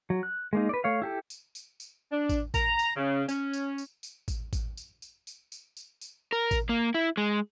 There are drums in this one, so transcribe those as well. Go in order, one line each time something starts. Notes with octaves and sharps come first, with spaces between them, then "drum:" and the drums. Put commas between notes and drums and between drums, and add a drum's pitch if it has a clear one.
F#3
F#6
G#3 A#3 D#4
B4 D5
A3 C#5 F5
E4 G4 A4
drum: tambourine
drum: tambourine
drum: tambourine
D4
drum: kick A1, tambourine
A#5, drum: kick A1, tambourine
drum: tambourine
C#3
C#4, drum: tambourine
drum: tambourine
drum: tambourine
drum: tambourine
drum: kick A1, tambourine
drum: kick A1, tambourine
drum: tambourine
drum: tambourine
drum: tambourine
drum: tambourine
drum: tambourine
drum: tambourine
A#4
drum: kick A1, tambourine
A#3
E4
G#3